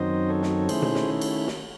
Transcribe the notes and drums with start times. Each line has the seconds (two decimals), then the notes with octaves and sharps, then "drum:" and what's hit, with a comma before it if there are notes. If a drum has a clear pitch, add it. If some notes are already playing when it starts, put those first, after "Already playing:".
Already playing: F#2 D#3 F#3 C4 D#4 C5 D#5
0.29 A4 C#5
0.43 drum: snare
0.69 D#3 A3 C#4 E4 G#4 C5, drum: cymbal
0.82 drum: tom B2
0.95 drum: snare
1.21 drum: cymbal
1.48 drum: snare